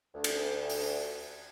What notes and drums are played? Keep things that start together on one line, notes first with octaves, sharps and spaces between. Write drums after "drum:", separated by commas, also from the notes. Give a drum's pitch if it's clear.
D2
drum: cymbal
drum: open hi-hat